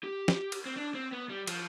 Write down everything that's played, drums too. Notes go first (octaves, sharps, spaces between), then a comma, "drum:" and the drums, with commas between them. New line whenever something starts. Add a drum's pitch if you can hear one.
G4
drum: snare
drum: cymbal
C4
D4
C4
B3
G3
F3, drum: cymbal